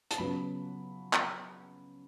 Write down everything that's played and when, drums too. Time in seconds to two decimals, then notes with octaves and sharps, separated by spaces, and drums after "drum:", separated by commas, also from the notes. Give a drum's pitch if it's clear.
0.11 A5, drum: hi-hat
0.18 C#3 F#3 B3 B5
1.13 drum: clap